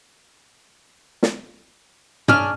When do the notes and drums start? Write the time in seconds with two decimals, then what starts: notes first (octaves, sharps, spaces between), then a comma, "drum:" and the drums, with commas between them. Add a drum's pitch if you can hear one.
1.23 drum: snare
2.28 C#4 D4 G#4 D5 F6, drum: tom